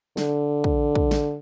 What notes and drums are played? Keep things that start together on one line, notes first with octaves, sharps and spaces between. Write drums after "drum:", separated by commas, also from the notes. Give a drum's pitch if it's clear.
D3, drum: snare
drum: kick
drum: kick
drum: snare